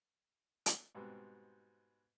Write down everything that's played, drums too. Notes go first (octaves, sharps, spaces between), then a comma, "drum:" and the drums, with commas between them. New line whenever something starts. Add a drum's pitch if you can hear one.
drum: hi-hat
G#2 B2 G3 B3 C4